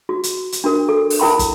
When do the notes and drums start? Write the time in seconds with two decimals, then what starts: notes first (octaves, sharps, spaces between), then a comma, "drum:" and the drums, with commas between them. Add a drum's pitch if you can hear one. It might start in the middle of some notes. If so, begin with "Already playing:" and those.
0.09 F#4
0.23 drum: hi-hat
0.52 drum: hi-hat
0.64 D4 F#4 A#4
0.89 A4
1.10 drum: open hi-hat
1.19 E4 A#4 G5 B5 C6
1.39 drum: kick, hi-hat